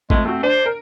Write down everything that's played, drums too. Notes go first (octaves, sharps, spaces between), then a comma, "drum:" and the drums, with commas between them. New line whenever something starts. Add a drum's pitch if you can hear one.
F2 G#3 A3, drum: kick
A3 C4 F#4
D4 C5
A#4